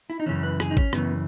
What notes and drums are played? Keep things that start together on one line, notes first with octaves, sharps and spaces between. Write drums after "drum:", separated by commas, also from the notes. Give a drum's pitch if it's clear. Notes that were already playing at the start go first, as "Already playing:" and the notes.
E4
D#4
F#2 C#3 E3 C#4
B4
G#4, drum: rim click
D#4
C#4, drum: kick G#1
F#2 C#3 E3 B3, drum: rim click